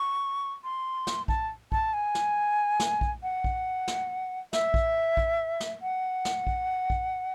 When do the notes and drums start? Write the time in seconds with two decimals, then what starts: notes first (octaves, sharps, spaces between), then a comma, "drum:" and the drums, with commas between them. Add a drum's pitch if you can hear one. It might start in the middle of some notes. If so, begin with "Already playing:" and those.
Already playing: C#6
0.64 C6
1.07 drum: snare
1.28 A5, drum: kick A#1
1.72 A5, drum: kick A#1
1.93 G#5
2.15 drum: snare
2.80 drum: snare
3.01 drum: kick A#1
3.23 F#5
3.44 drum: kick A#1
3.88 drum: snare
4.53 E5, drum: snare
4.74 drum: kick A#1
5.17 drum: kick A#1
5.60 drum: snare
5.82 F#5
6.25 drum: snare
6.47 drum: kick A#1
6.90 drum: kick A#1